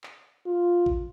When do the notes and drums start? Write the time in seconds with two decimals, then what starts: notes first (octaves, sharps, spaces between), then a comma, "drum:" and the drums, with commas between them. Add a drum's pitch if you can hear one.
0.04 drum: clap
0.46 F4
0.86 drum: kick A1